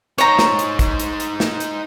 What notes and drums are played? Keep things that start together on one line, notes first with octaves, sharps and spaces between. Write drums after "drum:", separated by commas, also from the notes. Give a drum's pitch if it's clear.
D#4 C5 C#5 A#5, drum: hi-hat
drum: snare
drum: hi-hat
drum: kick, hi-hat
drum: hi-hat
drum: hi-hat
drum: snare
drum: hi-hat